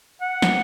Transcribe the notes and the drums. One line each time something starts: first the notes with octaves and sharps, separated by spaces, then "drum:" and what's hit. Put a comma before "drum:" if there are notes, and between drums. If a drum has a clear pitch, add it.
F#5
drum: snare